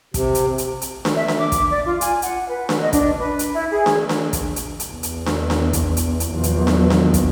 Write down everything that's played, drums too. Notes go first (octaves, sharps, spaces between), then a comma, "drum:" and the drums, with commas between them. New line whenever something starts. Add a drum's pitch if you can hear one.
C3, drum: kick, hi-hat
drum: hi-hat
drum: hi-hat
drum: hi-hat
drum: snare D4
E5
drum: snare D4
D6
drum: kick, hi-hat
D5
F4
G#5, drum: hi-hat
F#5, drum: hi-hat
B4
drum: snare D4
D#5
D4, drum: kick, hi-hat
B4
drum: hi-hat
E4
G#4
drum: snare D4
drum: snare D4
drum: kick, hi-hat
drum: hi-hat
drum: hi-hat
E2
drum: hi-hat
drum: snare D4
drum: snare D4
drum: kick, hi-hat
drum: hi-hat
drum: hi-hat
E2 A#2 D#3 F3 F#3 B3
drum: hi-hat
drum: snare D4
drum: snare D4
drum: kick, hi-hat